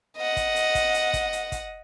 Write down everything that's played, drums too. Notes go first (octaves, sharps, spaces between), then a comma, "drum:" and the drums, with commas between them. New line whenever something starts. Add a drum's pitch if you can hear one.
D#5 F#5
drum: kick, hi-hat
drum: hi-hat
drum: kick, hi-hat
drum: hi-hat
drum: kick, hi-hat
drum: hi-hat
drum: kick, hi-hat